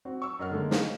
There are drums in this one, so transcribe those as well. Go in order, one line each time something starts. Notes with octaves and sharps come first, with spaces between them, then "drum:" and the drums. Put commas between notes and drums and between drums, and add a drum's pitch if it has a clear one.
C4 F#4
C#6 E6
F#2 D#5 F#5 F6
D3 G#3 A#3
D#5 F5 A#5, drum: snare